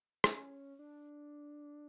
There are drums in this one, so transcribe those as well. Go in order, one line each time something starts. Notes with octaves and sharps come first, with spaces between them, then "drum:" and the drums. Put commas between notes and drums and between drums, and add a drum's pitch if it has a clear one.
C#4, drum: rim click
D4